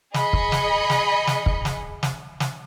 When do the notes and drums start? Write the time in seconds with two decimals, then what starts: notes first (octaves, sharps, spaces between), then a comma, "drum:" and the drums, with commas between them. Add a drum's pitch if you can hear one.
0.14 G#4 D#5 B5 C#7, drum: snare
0.33 drum: kick
0.52 drum: snare
0.90 drum: snare
1.27 drum: snare
1.46 drum: kick
1.65 drum: snare
2.03 drum: snare
2.40 drum: snare